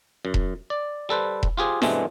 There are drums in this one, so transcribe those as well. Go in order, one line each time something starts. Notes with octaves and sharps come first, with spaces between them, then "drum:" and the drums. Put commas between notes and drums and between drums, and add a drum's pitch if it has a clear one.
F#2
drum: kick E1
D5
G3 A4 B4 C5
drum: kick E1
F4 G4 G#4 C5
G2 B2 E3 G#3 A3 C4, drum: snare E4